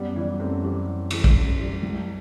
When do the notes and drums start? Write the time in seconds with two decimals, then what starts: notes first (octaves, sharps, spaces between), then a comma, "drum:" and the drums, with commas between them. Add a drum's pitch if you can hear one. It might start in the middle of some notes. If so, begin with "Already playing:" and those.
Already playing: F#2 G3 B3
0.16 E3 G3
0.39 F#2 A3 C4
0.63 E3 G3
0.88 F#2
1.11 E3 G3, drum: cymbal
1.24 drum: kick
1.35 F#2
1.59 E3 G3
1.83 C2